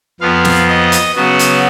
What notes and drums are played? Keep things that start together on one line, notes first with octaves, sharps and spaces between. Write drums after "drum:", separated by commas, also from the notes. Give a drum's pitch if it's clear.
F2 F3 B3 F5
drum: snare
D#5
drum: hi-hat
C#3 F#3 B3 F#4
drum: hi-hat